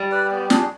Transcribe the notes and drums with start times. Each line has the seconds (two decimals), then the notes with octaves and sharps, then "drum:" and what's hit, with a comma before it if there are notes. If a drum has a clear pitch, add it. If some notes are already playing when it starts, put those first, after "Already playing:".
Already playing: G3
0.12 B4 D5
0.31 B3
0.50 D4 G#4, drum: snare